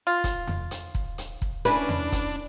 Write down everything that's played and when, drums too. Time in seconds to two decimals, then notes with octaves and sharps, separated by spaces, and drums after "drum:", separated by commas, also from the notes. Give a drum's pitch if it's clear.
0.07 F4
0.24 drum: kick, hi-hat
0.47 drum: tom E2
0.71 drum: hi-hat
0.95 drum: kick
1.18 drum: hi-hat
1.42 drum: kick
1.65 C#4 D4 E4 B4
1.89 drum: tom E2
2.12 drum: kick, hi-hat